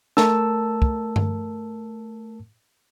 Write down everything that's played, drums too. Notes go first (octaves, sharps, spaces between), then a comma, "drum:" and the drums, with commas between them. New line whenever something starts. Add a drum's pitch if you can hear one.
A3 A#4 A5 E6, drum: snare
drum: kick
drum: tom G2